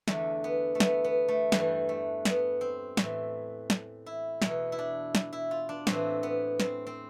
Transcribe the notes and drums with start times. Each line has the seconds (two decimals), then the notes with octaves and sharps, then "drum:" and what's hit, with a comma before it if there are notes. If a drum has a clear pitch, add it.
0.08 E2 D3 A3, drum: snare
0.44 B3
0.75 A3
0.80 B3, drum: snare
1.04 B3
1.28 A3
1.52 G2 E3 G3, drum: snare
1.89 A3
2.25 B3, drum: snare
2.61 C4
2.97 A2 E3, drum: snare
3.70 drum: snare
4.06 E4
4.42 E2 B2 E4, drum: snare
4.72 E4
4.79 D4
5.15 drum: snare
5.33 E4
5.51 F4
5.69 D4
5.87 A2 E3 C4, drum: snare
6.23 B3
6.60 C4, drum: snare
6.87 C4